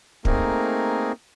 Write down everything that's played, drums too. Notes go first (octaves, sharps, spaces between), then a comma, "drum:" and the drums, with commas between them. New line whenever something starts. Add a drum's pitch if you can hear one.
A3 A#3 C4 D#4 G#4 A#4, drum: kick